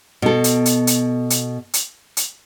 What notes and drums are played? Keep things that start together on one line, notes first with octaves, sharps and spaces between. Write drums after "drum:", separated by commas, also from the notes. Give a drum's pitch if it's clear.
B2 A4
drum: hi-hat
drum: hi-hat
drum: hi-hat
drum: hi-hat
drum: hi-hat
drum: hi-hat